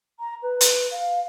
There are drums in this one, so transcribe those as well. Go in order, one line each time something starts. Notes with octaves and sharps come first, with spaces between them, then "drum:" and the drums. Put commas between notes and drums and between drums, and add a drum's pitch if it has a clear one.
A#5
B4
drum: hi-hat
F5